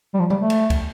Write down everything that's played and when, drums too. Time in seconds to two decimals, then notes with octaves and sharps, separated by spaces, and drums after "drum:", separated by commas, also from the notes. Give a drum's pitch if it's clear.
0.14 G3
0.19 F3
0.30 G3, drum: tom
0.40 A3
0.50 drum: cymbal
0.70 drum: kick, cymbal